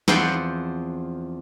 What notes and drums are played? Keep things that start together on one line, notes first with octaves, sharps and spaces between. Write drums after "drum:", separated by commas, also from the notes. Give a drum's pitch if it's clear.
E2 F3 C4 C5 F#5 B5, drum: snare